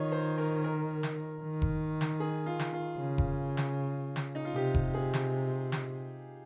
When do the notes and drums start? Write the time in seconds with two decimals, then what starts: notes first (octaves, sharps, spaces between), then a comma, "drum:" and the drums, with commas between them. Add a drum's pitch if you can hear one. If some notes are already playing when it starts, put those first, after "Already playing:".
Already playing: D#3 F4 C#5 D#5
0.12 C5
0.38 A#4
0.64 A#4
1.03 drum: snare
1.42 D#3
1.62 drum: kick F1
2.01 drum: snare
2.20 G#4
2.46 F4
2.59 drum: snare
2.73 F4
2.99 C#3
3.18 drum: kick F1
3.57 drum: snare
4.16 drum: snare
4.35 D#4
4.45 F4
4.55 C3 G4
4.74 drum: kick F1
4.94 G#4
5.14 drum: snare
5.72 drum: snare